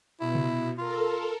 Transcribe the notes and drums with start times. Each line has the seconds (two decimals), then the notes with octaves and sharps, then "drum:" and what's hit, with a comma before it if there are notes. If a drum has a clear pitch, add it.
0.21 B2 E4
0.35 drum: tom C3
0.78 F4 A4 A#4